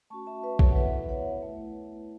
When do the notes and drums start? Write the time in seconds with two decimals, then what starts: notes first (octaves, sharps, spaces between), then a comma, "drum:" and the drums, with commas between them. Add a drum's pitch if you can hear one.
0.10 A3 C#4 F#4 A5 C#6
0.26 E5 A5
0.43 B4 E5
0.59 A4 C#5, drum: kick
0.71 F#5
0.76 B3 E4 B4 E5
1.09 C#5 F#5
1.42 A3 E4